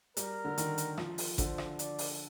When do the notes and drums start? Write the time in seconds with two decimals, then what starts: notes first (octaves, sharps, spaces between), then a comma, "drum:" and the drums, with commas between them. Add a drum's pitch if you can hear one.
0.17 G3 A#4, drum: hi-hat
0.45 D3
0.58 D#3, drum: hi-hat
0.78 drum: hi-hat
0.98 F3, drum: rim click
1.18 drum: open hi-hat
1.38 D3 C5, drum: kick G#1, hi-hat
1.58 drum: rim click
1.79 D5, drum: hi-hat
1.98 drum: open hi-hat